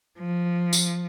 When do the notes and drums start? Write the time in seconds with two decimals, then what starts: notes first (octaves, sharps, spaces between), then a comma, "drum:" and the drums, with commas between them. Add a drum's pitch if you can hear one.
0.19 F3
0.73 drum: tambourine